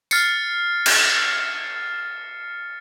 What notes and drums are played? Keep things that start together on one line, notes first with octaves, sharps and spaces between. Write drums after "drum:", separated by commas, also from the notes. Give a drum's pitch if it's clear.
F6 A6 C7 C#7, drum: tambourine
drum: cymbal